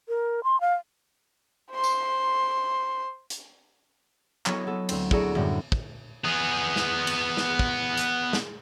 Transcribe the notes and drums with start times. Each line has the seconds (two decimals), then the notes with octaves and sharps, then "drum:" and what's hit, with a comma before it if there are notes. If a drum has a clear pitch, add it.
0.09 A#4
0.44 C6
0.61 F5
1.71 C5 C6
1.84 drum: tambourine
3.30 drum: hi-hat
4.46 F#3 B3 E4 A4 C#5 D#5, drum: clap
4.67 B3 A4
4.89 D2 C4, drum: cymbal
5.11 E4 F#4 G#4 A4 D5 A#5, drum: kick
5.35 F#2 A2 D3 G3, drum: tom D#3
5.72 drum: kick
6.25 B3 G#4
6.76 drum: snare
7.07 drum: cymbal
7.37 drum: snare
7.59 drum: kick
7.97 drum: hi-hat
8.33 drum: snare